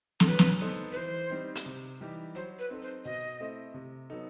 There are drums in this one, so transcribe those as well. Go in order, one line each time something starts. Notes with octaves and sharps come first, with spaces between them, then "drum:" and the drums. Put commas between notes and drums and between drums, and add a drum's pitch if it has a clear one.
A4, drum: snare
F#3 B4
drum: snare
B3 D#4 A4 C5
B4
E3 C5
G3 C4 D#4
drum: hi-hat
C3
E3 G3 D#4 G4
F#3 C5
B4
C4 D#4 A4
C5
B2 D#5
A3 C4 E4 A4
C3
F#3 B3 D#4 A4